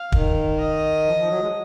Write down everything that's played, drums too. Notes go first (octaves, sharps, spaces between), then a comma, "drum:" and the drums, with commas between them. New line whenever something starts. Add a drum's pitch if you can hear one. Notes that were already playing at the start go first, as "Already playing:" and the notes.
Already playing: F5
D#3, drum: kick
D#5
F3
F3
F#3
G#3